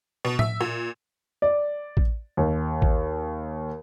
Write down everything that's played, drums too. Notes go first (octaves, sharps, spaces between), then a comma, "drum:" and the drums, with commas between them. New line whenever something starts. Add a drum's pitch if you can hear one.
B2
E5, drum: tom A2
A#2
D5
drum: kick A1
D#2
drum: kick A1